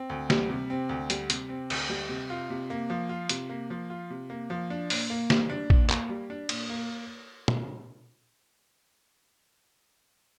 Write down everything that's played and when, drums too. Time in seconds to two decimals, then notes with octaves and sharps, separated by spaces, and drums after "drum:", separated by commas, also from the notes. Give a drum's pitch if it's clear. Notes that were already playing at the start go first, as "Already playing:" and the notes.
Already playing: C4
0.10 D2
0.30 G3, drum: snare
0.50 C3
0.70 C4
0.89 D2
1.10 G3, drum: hi-hat
1.30 C3, drum: hi-hat
1.49 C4
1.70 D2, drum: cymbal
1.89 G3
2.09 C3
2.30 F4
2.50 C3
2.70 A#3
2.90 F3
3.09 F4
3.29 C3, drum: hi-hat
3.49 A#3
3.70 F3
3.90 F4
4.10 C3
4.30 A#3
4.50 F3
4.70 D4
4.90 A#2, drum: open hi-hat
5.10 A#3
5.30 G3, drum: snare
5.49 D4
5.70 A#2, drum: kick
5.90 A#3, drum: clap
6.10 G3
6.30 D4
6.49 A#2, drum: cymbal
6.70 A#3
7.48 drum: tom